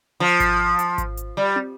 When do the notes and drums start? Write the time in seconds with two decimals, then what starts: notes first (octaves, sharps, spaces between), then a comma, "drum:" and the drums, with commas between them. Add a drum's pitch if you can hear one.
0.20 F3
0.40 drum: kick G#1, hi-hat
0.79 drum: hi-hat
0.98 drum: kick G#1, hi-hat
1.17 drum: hi-hat
1.37 G3
1.56 drum: tom